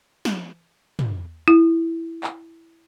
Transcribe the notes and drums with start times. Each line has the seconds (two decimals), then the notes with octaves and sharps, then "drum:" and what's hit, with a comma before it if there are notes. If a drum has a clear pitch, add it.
0.25 drum: snare
0.99 drum: tom
1.48 E4
2.24 drum: clap